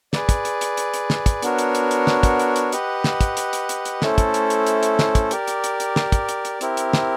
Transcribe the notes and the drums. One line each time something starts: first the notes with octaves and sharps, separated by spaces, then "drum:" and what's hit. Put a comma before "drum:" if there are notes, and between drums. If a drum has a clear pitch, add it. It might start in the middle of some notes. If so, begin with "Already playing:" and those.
G#4 B4 D5, drum: snare
drum: kick, hi-hat
drum: hi-hat
drum: hi-hat
drum: hi-hat
drum: hi-hat
drum: snare
drum: kick, hi-hat
B3 D4 F#4 A#4 C#5, drum: hi-hat
drum: hi-hat
drum: hi-hat
drum: hi-hat
drum: snare
drum: kick, hi-hat
drum: hi-hat
drum: hi-hat
G4 B4 D#5 F#5, drum: hi-hat
drum: snare
drum: kick, hi-hat
drum: hi-hat
drum: hi-hat
drum: hi-hat
drum: hi-hat
A3 C#4 E4 A4 C5, drum: snare
drum: kick, hi-hat
drum: hi-hat
drum: hi-hat
drum: hi-hat
drum: hi-hat
drum: snare
drum: kick, hi-hat
G4 A#4 D5, drum: hi-hat
drum: hi-hat
drum: hi-hat
drum: hi-hat
drum: snare
drum: kick, hi-hat
drum: hi-hat
drum: hi-hat
C4 E4 G4 A#4, drum: hi-hat
drum: hi-hat
drum: snare